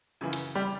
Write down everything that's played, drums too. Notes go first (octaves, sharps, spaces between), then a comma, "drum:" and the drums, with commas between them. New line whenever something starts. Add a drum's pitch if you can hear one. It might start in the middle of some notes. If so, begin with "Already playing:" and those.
F#2 C#3 E3
drum: hi-hat
G3